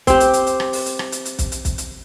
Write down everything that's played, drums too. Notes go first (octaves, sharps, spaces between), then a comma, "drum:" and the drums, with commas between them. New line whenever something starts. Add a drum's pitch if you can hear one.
C4 G4, drum: kick, hi-hat
drum: hi-hat
drum: hi-hat
drum: hi-hat
drum: rim click
drum: open hi-hat
drum: hi-hat
drum: rim click
drum: hi-hat
drum: hi-hat
drum: kick, hi-hat
drum: hi-hat
drum: kick, hi-hat
drum: hi-hat